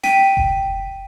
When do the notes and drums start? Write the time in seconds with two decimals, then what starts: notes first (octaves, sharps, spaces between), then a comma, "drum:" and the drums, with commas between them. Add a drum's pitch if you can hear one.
0.04 G5 B6 D#7, drum: snare
0.37 drum: kick F1